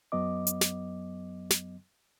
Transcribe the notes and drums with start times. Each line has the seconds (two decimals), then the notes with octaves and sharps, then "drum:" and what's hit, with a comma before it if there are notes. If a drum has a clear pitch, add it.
0.12 F#2 F#3 B3 D#5 D6
0.47 drum: hi-hat
0.61 drum: snare
1.50 drum: snare